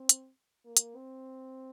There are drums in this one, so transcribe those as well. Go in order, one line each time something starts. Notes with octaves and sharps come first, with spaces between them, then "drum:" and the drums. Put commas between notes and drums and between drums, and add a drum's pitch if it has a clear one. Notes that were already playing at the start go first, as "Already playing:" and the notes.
Already playing: C4
drum: hi-hat
A#3
drum: hi-hat
C4